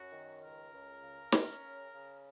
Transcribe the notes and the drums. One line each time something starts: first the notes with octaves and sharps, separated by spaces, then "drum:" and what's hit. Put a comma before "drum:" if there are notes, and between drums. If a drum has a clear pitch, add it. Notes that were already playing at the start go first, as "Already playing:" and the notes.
Already playing: F#2 F#4
D#3
C#2 A#4
C#2
C#3
C#4, drum: snare
C#3
C#3